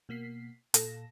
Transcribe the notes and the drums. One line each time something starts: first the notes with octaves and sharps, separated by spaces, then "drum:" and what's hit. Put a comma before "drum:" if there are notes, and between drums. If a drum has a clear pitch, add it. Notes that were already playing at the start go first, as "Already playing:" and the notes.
B2 A#3 B6 C7
A#2 A4 A#6, drum: hi-hat